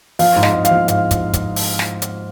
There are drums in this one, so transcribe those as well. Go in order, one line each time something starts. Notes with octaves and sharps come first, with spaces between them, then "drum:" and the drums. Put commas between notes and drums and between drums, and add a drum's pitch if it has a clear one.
F3 F5, drum: open hi-hat
G#2
D#5, drum: snare
G#2
F5, drum: hi-hat
F3
G#2 F5, drum: hi-hat
drum: kick, hi-hat
drum: kick, hi-hat
drum: open hi-hat
drum: snare
drum: hi-hat